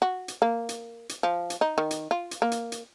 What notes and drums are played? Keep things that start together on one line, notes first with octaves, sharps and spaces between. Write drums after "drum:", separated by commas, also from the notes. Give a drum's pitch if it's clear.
F#4
drum: hi-hat
A#3
drum: hi-hat
drum: hi-hat
F3
drum: hi-hat
D#4
D#3
drum: hi-hat
F4
drum: hi-hat
A#3
drum: hi-hat
drum: hi-hat